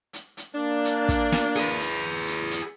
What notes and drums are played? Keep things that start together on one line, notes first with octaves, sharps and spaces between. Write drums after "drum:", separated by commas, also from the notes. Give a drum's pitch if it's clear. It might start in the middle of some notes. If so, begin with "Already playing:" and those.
drum: hi-hat
drum: hi-hat
A#3 D4
drum: hi-hat
drum: kick, hi-hat
drum: snare
G#4 B4, drum: hi-hat
drum: hi-hat
drum: hi-hat
drum: hi-hat